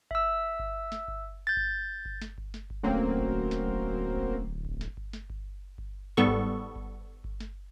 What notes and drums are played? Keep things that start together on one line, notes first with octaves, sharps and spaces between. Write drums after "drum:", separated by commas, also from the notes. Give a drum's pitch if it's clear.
E5 E6, drum: kick G1
drum: kick G1
drum: snare
drum: kick G1
G6 A6
drum: kick G1
drum: kick G1
drum: snare
drum: kick G1
drum: snare
drum: kick G1
D1 F#3 A3 A#3 C4 C#4
drum: kick G1
drum: snare
drum: kick G1
drum: kick G1
drum: kick G1
drum: snare
drum: kick G1
drum: snare
drum: kick G1
drum: kick G1
G#2 G3 B3 A4 C#6
drum: kick G1
drum: kick G1
drum: kick G1
drum: snare